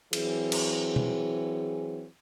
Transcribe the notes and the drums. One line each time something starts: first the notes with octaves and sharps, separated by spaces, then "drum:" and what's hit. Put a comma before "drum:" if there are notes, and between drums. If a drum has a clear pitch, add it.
E3 F#3 C4 G#4, drum: cymbal
drum: cymbal
drum: tom